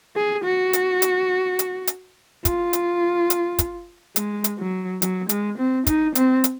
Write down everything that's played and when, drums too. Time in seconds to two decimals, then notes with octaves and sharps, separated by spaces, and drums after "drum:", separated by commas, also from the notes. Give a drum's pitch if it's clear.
0.16 G#4
0.44 F#4
0.73 drum: hi-hat
1.02 drum: hi-hat
1.59 drum: hi-hat
1.87 drum: hi-hat
2.45 F4, drum: kick, hi-hat
2.73 drum: hi-hat
3.30 drum: hi-hat
3.59 drum: kick, hi-hat
4.16 G#3, drum: hi-hat
4.44 drum: hi-hat
4.59 F#3
5.02 F#3, drum: hi-hat
5.29 G#3, drum: hi-hat
5.58 C4
5.87 D#4, drum: kick, hi-hat
6.15 C4, drum: hi-hat
6.44 drum: hi-hat